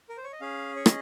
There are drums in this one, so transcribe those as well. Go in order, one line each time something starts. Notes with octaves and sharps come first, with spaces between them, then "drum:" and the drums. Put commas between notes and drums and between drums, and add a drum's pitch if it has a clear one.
A#4
C5
C#5
D#5
C#4 G#4 F5
C#5
D#5, drum: rim click